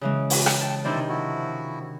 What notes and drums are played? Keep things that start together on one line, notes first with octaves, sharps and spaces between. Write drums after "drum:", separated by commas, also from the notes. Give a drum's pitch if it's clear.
C#3 E3 G#3
drum: open hi-hat
drum: rim click
G5 A5
C3 D#3 D4 E4 C5 D5
F3 E4 F#4